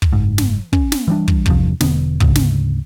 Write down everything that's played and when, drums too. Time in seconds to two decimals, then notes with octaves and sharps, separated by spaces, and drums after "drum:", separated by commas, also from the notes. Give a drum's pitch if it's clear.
0.02 drum: kick
0.13 F#1 G#2
0.38 drum: snare
0.73 C#4, drum: kick
0.92 drum: snare
1.08 E3 G3 D4
1.28 drum: kick
1.46 E2 G2 C3 F3, drum: kick
1.81 E1 D3 B3, drum: snare
2.20 D2 G#2 C#3, drum: kick
2.35 drum: snare